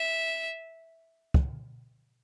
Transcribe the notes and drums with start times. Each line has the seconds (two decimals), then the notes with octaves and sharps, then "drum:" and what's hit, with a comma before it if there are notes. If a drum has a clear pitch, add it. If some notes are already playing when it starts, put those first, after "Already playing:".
Already playing: E5
1.34 drum: kick